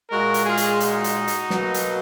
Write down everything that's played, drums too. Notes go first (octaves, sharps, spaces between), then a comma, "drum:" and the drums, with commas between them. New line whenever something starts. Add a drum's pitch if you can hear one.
A#2 G#3 F#4 A#4
drum: hi-hat
F4 G#4
drum: hi-hat
D#4 F#4, drum: hi-hat
drum: hi-hat
drum: hi-hat
B2 F#3 A#3, drum: snare
drum: hi-hat